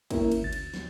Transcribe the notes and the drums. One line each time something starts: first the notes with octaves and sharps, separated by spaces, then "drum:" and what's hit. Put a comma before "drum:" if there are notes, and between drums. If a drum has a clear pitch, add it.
A#3 C#4 E4 A#4, drum: kick, cymbal
drum: cymbal
D2 A6
drum: cymbal
drum: snare